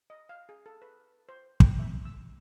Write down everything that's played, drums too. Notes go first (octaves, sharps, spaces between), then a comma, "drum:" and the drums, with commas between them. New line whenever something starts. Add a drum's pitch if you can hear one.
D#5
F5
G#4
A4
B4
C5
G5, drum: kick
E5
E6